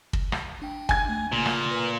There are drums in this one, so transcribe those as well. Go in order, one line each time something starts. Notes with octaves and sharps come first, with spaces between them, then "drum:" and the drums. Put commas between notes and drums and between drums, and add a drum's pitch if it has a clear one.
drum: kick
drum: rim click
D4 G5
G#5 G#6, drum: kick
A3
A#2 C#3 A#3
drum: rim click
B4